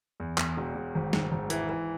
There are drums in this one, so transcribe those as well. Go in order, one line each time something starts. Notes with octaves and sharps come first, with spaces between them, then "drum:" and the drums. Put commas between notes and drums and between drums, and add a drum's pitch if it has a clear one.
E2
E2, drum: clap
E1
E1
G#1
G#1, drum: snare
G#1
E3, drum: hi-hat
E3